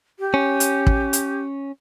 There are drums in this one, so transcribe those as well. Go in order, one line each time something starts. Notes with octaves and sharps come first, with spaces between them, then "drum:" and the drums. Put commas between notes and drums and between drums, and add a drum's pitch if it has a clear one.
G4
C#4
drum: hi-hat
drum: kick
drum: hi-hat